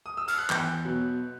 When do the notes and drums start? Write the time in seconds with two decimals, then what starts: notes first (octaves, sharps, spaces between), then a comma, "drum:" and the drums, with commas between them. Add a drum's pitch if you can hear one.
0.06 D#6
0.17 E6
0.28 F6, drum: cymbal
0.39 F#6
0.50 E2 G6, drum: clap
0.84 B2 F#3 B3